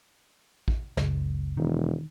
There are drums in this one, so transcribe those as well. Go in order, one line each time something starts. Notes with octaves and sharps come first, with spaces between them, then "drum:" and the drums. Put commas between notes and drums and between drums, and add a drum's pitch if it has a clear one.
drum: kick
F#1 C#2, drum: snare
E1 D#3